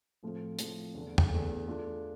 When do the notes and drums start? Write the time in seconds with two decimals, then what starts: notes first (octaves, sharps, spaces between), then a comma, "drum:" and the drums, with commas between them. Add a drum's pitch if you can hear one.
0.23 A2 F3 A3 C4 F4
0.59 A2 F3 A3 C4 F4, drum: hi-hat
0.94 E2 D3 A3
1.18 drum: tom
1.31 E2 D3 A3
1.67 A3 D4 F4 A4